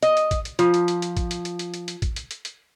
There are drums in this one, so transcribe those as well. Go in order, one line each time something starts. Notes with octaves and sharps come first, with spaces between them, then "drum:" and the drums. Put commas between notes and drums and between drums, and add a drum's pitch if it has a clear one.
D#5, drum: hi-hat
drum: hi-hat
drum: kick, hi-hat
drum: hi-hat
F3 F4, drum: hi-hat
drum: hi-hat
drum: hi-hat
drum: hi-hat
drum: kick, hi-hat
drum: hi-hat
drum: hi-hat
drum: hi-hat
drum: hi-hat
drum: hi-hat
drum: kick, hi-hat
drum: hi-hat
drum: hi-hat
drum: hi-hat